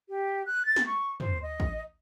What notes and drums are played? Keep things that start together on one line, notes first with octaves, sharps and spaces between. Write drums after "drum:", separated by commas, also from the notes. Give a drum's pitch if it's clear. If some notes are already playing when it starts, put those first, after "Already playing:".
G4
F#6
A6
drum: snare
C#6
C5, drum: tom
D#5
drum: kick